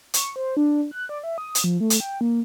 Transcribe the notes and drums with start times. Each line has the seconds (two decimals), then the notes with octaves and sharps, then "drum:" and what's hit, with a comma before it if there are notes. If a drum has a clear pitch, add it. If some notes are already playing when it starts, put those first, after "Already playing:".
0.14 C#6, drum: hi-hat
0.36 C5
0.57 D4
0.91 F#6
1.09 D5
1.23 E5
1.38 D#6
1.55 drum: hi-hat
1.64 F3
1.80 A3
1.90 drum: hi-hat
2.00 G5
2.21 A#3